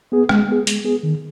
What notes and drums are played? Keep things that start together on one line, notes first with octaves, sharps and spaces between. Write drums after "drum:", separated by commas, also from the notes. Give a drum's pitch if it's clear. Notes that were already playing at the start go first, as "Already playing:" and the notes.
B3 G#4
G#3, drum: rim click
B3 G#4
G#3, drum: hi-hat
B3 G#4
D#3